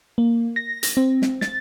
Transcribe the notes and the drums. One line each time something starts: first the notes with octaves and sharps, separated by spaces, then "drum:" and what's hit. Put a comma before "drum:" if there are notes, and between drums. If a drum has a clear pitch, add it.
A#3
A#6
drum: hi-hat
C4
drum: snare
A6, drum: snare